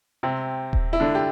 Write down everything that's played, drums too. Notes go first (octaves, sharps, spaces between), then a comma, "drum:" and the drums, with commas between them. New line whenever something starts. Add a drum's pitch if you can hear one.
C3 C4
drum: kick D#1
E4
D3 D4
G4